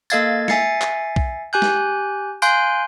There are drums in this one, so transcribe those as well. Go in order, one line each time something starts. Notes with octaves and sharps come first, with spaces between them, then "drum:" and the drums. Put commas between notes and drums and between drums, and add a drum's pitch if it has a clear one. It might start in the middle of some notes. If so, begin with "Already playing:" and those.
A#3 A4 D#5 F5 G#6 A6, drum: tambourine
E5 G#5 A6 C7 C#7, drum: snare
drum: clap
drum: kick B1
G4 G#5 F#6 G6
drum: snare
F5 G#5 C6 F#6 G6 D7, drum: tambourine